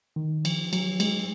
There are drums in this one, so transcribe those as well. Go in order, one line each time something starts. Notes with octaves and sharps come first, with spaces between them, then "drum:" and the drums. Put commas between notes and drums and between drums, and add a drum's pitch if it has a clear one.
D#3
F3, drum: cymbal
F#3, drum: cymbal
G#3, drum: cymbal